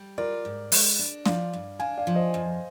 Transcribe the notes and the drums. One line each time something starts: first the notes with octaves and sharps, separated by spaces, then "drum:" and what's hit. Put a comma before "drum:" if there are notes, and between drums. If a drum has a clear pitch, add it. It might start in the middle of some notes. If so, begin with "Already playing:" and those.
Already playing: G3
F4 A#4 D5
G#2
G#3, drum: open hi-hat
D4
F3 D5 F5, drum: snare
G2
D4 F5 G#5
D5 F5
F3
C5 D#5
F2